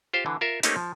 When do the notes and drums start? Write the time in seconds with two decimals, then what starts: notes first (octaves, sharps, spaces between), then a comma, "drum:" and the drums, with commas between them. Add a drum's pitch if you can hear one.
0.13 F4 G4 C5 F5
0.26 D3 E3
0.41 F4 A#4 E5
0.63 A3 A#3 C4 C#4 D#4 G4, drum: hi-hat
0.76 F3